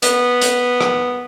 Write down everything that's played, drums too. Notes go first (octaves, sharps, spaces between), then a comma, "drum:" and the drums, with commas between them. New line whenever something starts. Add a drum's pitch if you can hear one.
B3, drum: hi-hat
drum: hi-hat
drum: rim click